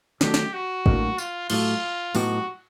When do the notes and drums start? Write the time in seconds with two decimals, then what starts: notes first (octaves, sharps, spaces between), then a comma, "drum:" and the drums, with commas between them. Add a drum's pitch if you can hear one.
0.21 D#3 F#3 A3 D4 G4, drum: snare
0.34 drum: snare
0.53 F#4
0.86 A2 F#3 A#3 D4, drum: kick
1.18 F4, drum: tambourine
1.50 A2 F#3 A3 F4, drum: cymbal
2.15 A2 F#3 B3 D#4 F#4 G4, drum: open hi-hat